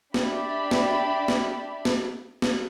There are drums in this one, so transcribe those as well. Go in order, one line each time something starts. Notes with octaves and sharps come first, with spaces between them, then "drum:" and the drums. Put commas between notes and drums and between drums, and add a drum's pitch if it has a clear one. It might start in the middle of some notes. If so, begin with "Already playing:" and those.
D4 G4 D5 E5 B5, drum: snare
drum: snare
drum: snare
drum: snare
drum: snare